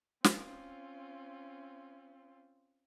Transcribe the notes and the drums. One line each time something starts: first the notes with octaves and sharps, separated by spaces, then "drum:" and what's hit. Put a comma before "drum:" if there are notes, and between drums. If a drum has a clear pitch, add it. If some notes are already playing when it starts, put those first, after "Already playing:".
C4 C#4 F4, drum: snare